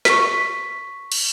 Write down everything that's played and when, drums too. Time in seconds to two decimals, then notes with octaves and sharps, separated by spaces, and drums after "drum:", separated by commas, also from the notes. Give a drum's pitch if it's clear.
0.05 C#6 B6, drum: snare
1.12 drum: cymbal